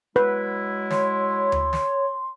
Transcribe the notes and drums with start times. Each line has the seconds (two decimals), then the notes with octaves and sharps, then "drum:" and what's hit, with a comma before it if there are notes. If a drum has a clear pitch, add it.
0.16 F#3 G#3 E4 B4
0.90 C#5 C6, drum: snare
1.52 drum: tom D2
1.73 drum: snare